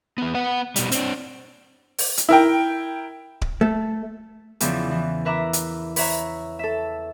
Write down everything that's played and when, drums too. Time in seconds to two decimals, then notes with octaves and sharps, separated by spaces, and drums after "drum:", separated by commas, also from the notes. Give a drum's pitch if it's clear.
0.18 E2 B3
0.35 B3 F#5
0.76 B2 G3, drum: hi-hat
0.92 C4 D4, drum: hi-hat
1.98 drum: open hi-hat
2.17 drum: hi-hat
2.29 E4 A#4 G5
3.42 drum: kick D1
3.61 A3
4.60 E2 C#3 E3 F3 D5, drum: hi-hat
4.91 E3
5.25 A#4 B4 E5 A#5 D6
5.53 drum: hi-hat
5.96 B4 C#5 E5 A#5, drum: open hi-hat
6.59 A4 E5